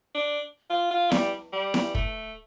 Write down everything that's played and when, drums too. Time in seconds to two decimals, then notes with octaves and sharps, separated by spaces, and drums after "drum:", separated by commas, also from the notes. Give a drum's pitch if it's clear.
0.14 D4
0.70 F4
0.91 F4
1.12 G3, drum: snare E4
1.53 G3
1.74 drum: snare E4
1.95 A3, drum: kick